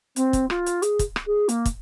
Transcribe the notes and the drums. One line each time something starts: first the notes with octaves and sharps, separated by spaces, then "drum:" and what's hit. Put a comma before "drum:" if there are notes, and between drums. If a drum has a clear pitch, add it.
C4, drum: hi-hat
drum: kick, hi-hat
F4, drum: rim click
drum: hi-hat
G#4, drum: hi-hat
drum: kick, hi-hat
drum: rim click
G#4
A#3, drum: hi-hat
drum: kick, hi-hat